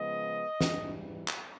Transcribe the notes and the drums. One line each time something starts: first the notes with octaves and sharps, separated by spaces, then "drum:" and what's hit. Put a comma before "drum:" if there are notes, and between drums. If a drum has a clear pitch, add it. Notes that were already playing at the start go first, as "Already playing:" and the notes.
Already playing: C#3 F3 G#3 B3 D#5
G#2 E3 G3, drum: snare
drum: clap